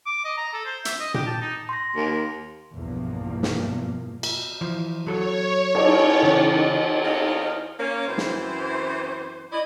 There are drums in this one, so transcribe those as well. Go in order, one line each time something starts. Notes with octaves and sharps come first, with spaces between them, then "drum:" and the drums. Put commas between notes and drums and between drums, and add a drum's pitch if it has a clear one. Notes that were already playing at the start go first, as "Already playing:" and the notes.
D6
D#5
A#5
A4
C5
E5, drum: hi-hat
D#5
G4, drum: tom A#2
A5
D#4
C6 A#6
D#2 A#3
B1 E2 G2 B2 F3 A#3
drum: snare
drum: cymbal
E3 F3
F#3 A4 C#5
drum: cymbal
C#3 E3
E2 C4 G#4 A#4 D#5 F5
A#3 C#4
F#2 E3 C4 C5
drum: snare
E4 D5 D#5